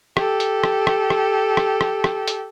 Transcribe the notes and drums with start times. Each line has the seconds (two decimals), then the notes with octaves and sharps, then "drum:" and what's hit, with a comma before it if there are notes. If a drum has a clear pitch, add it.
0.17 G4 A4, drum: rim click
0.40 drum: hi-hat
0.64 drum: rim click
0.87 drum: rim click
1.10 drum: rim click
1.57 drum: rim click
1.81 drum: rim click
2.04 drum: rim click
2.28 drum: hi-hat